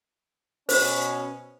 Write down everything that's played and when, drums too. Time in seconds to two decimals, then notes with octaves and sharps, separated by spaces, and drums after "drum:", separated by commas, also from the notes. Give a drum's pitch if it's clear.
0.69 B2 C#4 C5, drum: open hi-hat